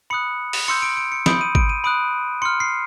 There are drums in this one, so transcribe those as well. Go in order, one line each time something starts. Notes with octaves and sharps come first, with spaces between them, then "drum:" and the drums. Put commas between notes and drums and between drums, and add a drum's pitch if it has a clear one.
B5 D#6 F#6 C#7
drum: open hi-hat
C6 E6 G6 C#7
D7
D7
C#7
B5 D#6 G6 D7, drum: snare
D#7
D7, drum: kick
D#7
B5 D#6 F#6 D7
C6 F6 C#7
C7